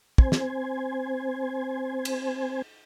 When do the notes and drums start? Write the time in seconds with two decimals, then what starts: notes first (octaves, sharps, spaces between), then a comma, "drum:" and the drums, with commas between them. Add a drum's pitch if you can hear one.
0.18 C4 C5 G#5, drum: kick
0.32 drum: snare
2.05 drum: cymbal